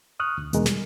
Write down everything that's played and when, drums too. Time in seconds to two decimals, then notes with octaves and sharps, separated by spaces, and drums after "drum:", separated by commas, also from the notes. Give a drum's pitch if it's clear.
0.20 C#6 D#6 F6 F#6
0.38 D2
0.53 E2 B2 D3 G#3 A#4, drum: hi-hat
0.66 G3, drum: snare